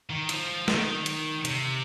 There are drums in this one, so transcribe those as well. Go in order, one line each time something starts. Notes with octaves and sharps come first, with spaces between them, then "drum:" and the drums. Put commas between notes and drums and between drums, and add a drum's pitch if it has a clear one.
D#3
F3, drum: hi-hat
D#3, drum: snare
drum: hi-hat
C3, drum: hi-hat